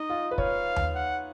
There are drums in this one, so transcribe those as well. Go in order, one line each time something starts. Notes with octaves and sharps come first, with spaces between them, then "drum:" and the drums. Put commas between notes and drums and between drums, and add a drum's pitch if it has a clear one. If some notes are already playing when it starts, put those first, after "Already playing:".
Already playing: D#4 D#5
F4
B4
C#5 F5, drum: kick
drum: tom D#2
F#5